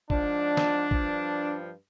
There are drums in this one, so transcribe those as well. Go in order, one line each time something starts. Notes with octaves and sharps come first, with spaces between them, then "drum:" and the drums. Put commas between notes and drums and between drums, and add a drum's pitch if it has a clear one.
G#2 F3 D4, drum: kick
drum: snare
G2 F3, drum: kick